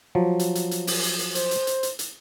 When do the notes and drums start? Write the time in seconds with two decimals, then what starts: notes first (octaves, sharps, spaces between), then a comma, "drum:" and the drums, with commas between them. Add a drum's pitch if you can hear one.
0.15 F3 F#3
0.39 drum: hi-hat
0.55 drum: hi-hat
0.71 drum: hi-hat
0.87 drum: open hi-hat
1.03 drum: hi-hat
1.19 drum: hi-hat
1.35 C5, drum: hi-hat
1.51 drum: hi-hat
1.67 drum: hi-hat
1.83 drum: hi-hat
1.99 drum: hi-hat